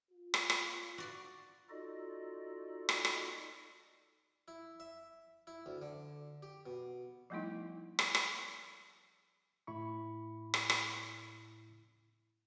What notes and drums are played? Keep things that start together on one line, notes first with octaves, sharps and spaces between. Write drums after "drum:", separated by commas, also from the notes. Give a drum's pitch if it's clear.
F4
drum: rim click
drum: rim click
F#4 D5 C6
D#4 F4 F#4 A4 D5 D#5
drum: rim click
drum: rim click
E4
E5
E4
D2
D3
G4
B2
F3 G3 A3 B3 D#4 E4
drum: rim click
drum: rim click
A2 E4 B5 C#6
drum: rim click
drum: rim click